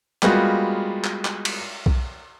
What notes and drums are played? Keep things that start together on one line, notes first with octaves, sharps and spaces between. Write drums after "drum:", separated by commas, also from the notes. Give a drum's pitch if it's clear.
G3 G#3 A#3 B3 F4 F#4, drum: clap
drum: clap
drum: clap
drum: cymbal
drum: kick B1